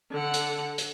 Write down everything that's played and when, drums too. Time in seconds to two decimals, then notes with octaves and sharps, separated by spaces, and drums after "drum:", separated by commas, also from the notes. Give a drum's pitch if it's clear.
0.11 D3 F#5
0.34 drum: hi-hat
0.78 drum: hi-hat